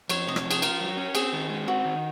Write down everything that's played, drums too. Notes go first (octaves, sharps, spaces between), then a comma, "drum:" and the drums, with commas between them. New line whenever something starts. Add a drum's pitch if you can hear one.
F2 C#5, drum: cymbal
C3 D#5
C#5, drum: rim click
F3
G#4, drum: cymbal
F4 A#4, drum: cymbal
F#3
C#4
C4 G#4, drum: cymbal
D#3
G#3
C4 F#4
D#3